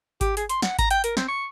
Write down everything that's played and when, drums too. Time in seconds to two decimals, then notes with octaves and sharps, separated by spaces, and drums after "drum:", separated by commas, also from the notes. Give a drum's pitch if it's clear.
0.21 G4, drum: kick G#1, hi-hat
0.37 G#4, drum: hi-hat
0.49 C6, drum: hi-hat
0.62 F#5, drum: snare
0.79 A#5, drum: kick G#1, hi-hat
0.91 G5, drum: hi-hat
1.04 A#4, drum: hi-hat
1.17 C4, drum: snare
1.28 C#6